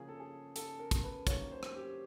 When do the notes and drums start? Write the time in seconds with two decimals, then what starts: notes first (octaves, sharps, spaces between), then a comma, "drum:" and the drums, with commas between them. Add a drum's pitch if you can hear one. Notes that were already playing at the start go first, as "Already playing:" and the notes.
Already playing: C#3 F3 A#3 C#4 G#4
0.08 A4
0.20 G#4
0.56 A4, drum: hi-hat
0.79 A#4
0.91 drum: kick, hi-hat
1.04 B4
1.27 D#3 F#3 A#3 C#4 C#5, drum: kick, hi-hat
1.51 C5
1.63 drum: rim click
1.75 G4